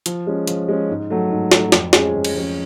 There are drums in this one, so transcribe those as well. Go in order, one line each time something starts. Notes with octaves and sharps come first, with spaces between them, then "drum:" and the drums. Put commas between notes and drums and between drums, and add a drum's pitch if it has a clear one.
F3, drum: hi-hat
G#3 C#4
F3, drum: hi-hat
G#3 C#4
G#2
F#3 A3
G#2
F#3 A3, drum: snare
F2, drum: snare
F3 G#3 C#4 G#4, drum: snare
F2
drum: cymbal
F3 G#3 C#4 G#4